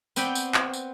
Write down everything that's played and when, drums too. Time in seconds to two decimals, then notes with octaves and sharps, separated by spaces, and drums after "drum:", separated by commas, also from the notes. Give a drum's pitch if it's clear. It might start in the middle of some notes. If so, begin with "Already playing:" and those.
0.16 B3 C4 C5 D5 G5 B5, drum: tambourine
0.35 drum: tambourine
0.54 drum: clap
0.73 drum: tambourine